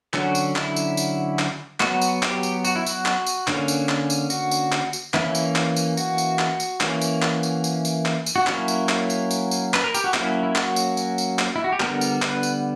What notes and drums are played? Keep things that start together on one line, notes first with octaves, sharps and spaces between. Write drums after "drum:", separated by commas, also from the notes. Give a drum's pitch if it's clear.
D3 F#3 C#4 F#4, drum: clap
drum: tambourine
E4, drum: clap
drum: tambourine
drum: tambourine
drum: clap
F#3 B3 F#4, drum: clap
drum: tambourine
G4, drum: clap
drum: tambourine
F#4, drum: tambourine
E4
F#4, drum: tambourine
drum: clap
drum: tambourine
D3 A#3 C#4, drum: clap
drum: tambourine
drum: clap
drum: tambourine
F#4, drum: tambourine
drum: tambourine
drum: clap
drum: tambourine
E3 A#3 C#4 E4, drum: clap
drum: tambourine
drum: clap
drum: tambourine
F#4, drum: tambourine
drum: tambourine
drum: clap
drum: tambourine
E3 A#3 C#4, drum: clap
drum: tambourine
drum: clap
drum: tambourine
drum: tambourine
drum: tambourine
drum: clap
drum: tambourine
F#4
F#3 A#3 C#4 E4, drum: clap
drum: tambourine
drum: clap
drum: tambourine
drum: tambourine
drum: tambourine
B4, drum: clap
A#4
G4, drum: tambourine
F#4
F#3 A#3 C#4 E4, drum: clap
E4
F#4, drum: clap
drum: tambourine
drum: tambourine
drum: tambourine
drum: clap
E4
F#4
G4
D3 G3 B3 A#4, drum: clap
drum: tambourine
B4, drum: clap
drum: tambourine